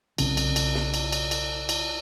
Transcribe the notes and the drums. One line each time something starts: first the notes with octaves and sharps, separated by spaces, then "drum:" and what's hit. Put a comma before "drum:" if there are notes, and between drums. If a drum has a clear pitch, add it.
B1 C#3 C4 C#4, drum: cymbal
drum: cymbal
drum: cymbal
drum: snare
drum: cymbal
drum: cymbal
drum: cymbal
drum: cymbal